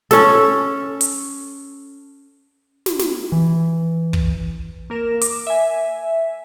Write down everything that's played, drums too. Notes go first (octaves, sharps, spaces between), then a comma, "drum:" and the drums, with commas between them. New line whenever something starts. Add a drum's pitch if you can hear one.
C#4 A4, drum: snare
drum: hi-hat
drum: snare
drum: snare
E3
drum: kick
A#3 A#4 A#6 E7
D6, drum: hi-hat
E5 G#5